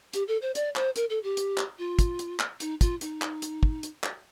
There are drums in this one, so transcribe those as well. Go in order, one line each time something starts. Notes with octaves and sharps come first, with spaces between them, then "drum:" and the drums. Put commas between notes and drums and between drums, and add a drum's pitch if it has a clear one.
G4, drum: hi-hat
A4
C5
D5, drum: hi-hat
C5, drum: clap
A#4, drum: hi-hat
A4
G4
drum: hi-hat
drum: clap
F4
drum: kick, hi-hat
drum: hi-hat
drum: clap
D#4, drum: hi-hat
F4, drum: kick, hi-hat
D#4, drum: hi-hat
drum: clap
drum: hi-hat
drum: kick
drum: hi-hat
drum: clap